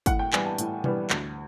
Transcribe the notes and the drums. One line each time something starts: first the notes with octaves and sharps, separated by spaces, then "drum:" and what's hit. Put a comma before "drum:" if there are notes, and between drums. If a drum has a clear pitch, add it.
A2 F#5, drum: kick, hi-hat
G5
E3 G3 B3 G#5, drum: clap
A5
A2, drum: hi-hat
E3 G3 B3, drum: tom B2
D2, drum: clap